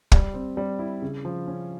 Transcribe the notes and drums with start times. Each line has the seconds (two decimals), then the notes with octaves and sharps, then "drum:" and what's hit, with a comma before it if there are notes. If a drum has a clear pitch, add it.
0.12 G3, drum: kick
0.34 C4
0.57 G3
0.79 E4
1.02 C#3
1.25 F3
1.48 C#4